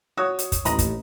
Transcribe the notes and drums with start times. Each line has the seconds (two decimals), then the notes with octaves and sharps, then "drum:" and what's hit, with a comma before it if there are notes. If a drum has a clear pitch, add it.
0.17 F#4 C#5 D#6
0.39 drum: hi-hat
0.52 drum: kick, hi-hat
0.65 A1 D#2 A2 D#5 A#5 B5, drum: hi-hat
0.79 drum: kick, hi-hat